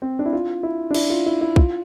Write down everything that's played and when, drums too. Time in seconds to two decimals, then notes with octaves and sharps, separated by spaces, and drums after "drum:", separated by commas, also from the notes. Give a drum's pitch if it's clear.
0.02 C4
0.19 D4
0.26 E4
0.33 F4
0.63 E4
0.91 D4
0.94 E4, drum: cymbal
1.10 F4
1.26 E4
1.41 E4
1.56 F4, drum: kick